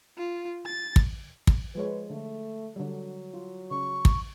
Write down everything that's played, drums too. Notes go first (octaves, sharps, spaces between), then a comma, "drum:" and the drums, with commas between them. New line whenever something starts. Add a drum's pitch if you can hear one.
F4
A6
drum: kick
drum: kick
F3 G#3 B4 C#5
D3 A3
D3 F#3 G3
F4
C#3 C#6
drum: kick